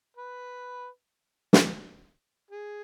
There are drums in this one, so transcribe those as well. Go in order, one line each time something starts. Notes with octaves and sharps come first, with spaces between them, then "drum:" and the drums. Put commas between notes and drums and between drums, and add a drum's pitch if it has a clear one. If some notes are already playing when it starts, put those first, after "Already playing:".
B4
drum: snare
G#4